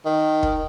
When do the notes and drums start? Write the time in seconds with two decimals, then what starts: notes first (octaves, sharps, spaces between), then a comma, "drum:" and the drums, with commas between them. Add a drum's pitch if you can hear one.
0.05 D#3
0.43 drum: kick